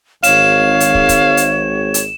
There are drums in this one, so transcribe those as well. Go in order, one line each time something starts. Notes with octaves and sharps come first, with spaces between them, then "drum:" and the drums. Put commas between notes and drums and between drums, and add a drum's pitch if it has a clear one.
G#1 C#5 F5 E7, drum: hi-hat
drum: hi-hat
drum: kick
drum: kick, hi-hat
drum: hi-hat
drum: hi-hat